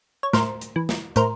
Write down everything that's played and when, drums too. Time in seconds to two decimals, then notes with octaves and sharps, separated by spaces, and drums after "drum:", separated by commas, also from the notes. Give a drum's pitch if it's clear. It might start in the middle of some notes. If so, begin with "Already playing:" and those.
0.23 C#5
0.33 A2 A#4 C5, drum: snare
0.61 drum: hi-hat
0.76 E3
0.89 drum: snare
1.16 A2 A#4 C5, drum: hi-hat